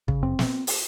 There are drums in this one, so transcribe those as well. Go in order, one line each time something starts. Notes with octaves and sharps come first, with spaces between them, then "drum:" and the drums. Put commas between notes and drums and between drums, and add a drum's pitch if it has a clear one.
C#3, drum: kick
F#2 C4
drum: snare
drum: open hi-hat